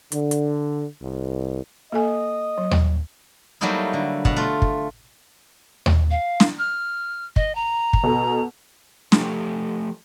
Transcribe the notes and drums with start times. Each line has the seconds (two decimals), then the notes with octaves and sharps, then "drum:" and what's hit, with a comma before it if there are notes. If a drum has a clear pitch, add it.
0.12 D3, drum: hi-hat
0.31 drum: hi-hat
1.01 C2
1.92 A#3 A4 D#5 G#5
2.58 F#3
2.71 drum: tom D#2
3.61 F#3 G3 A3 A#3 D#4 E4
3.93 D3
4.25 B2 F#5, drum: kick
4.36 A3 F4
4.62 drum: kick
5.86 drum: tom D#2
6.11 F5
6.40 drum: snare
6.59 F6
7.36 D#5, drum: kick
7.55 A#5
7.93 drum: kick
8.03 B2 A4
9.12 F3 A3 G4 A4, drum: snare